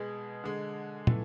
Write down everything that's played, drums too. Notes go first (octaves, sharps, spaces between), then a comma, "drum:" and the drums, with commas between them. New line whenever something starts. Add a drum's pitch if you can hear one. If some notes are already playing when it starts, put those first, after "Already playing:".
Already playing: B2 G#3 G#4
D3 G#3
E3 A3, drum: tom